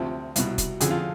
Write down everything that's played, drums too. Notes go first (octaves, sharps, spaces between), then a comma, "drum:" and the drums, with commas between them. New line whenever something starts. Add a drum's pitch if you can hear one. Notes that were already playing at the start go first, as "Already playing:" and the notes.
Already playing: D2 C3 F3 C4
C2 B2, drum: hi-hat
drum: kick, hi-hat
F2 D3 F3 G#4, drum: hi-hat
F4